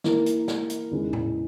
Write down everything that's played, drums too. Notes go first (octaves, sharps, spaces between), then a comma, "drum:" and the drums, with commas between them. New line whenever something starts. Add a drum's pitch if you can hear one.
E3 A#3 E4 A#4, drum: snare
drum: hi-hat
drum: snare
drum: hi-hat
E2 C#3 E3 G#3
drum: tom A2